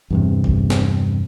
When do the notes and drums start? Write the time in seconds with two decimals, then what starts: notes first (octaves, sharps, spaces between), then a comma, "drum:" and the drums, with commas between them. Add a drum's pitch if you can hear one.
0.10 E2 G2 C3
0.44 drum: kick G1
0.70 drum: snare